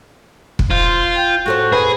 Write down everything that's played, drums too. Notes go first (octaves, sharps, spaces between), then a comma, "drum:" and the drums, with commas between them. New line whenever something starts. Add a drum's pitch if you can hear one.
drum: kick
F4 C5
G5
A2 F#4 A4 C5
G#4 B4